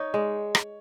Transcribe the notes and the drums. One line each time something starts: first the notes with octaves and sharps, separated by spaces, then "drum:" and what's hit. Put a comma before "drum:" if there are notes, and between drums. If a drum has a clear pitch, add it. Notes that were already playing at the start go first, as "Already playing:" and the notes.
Already playing: D#4 C#5
G#3
drum: rim click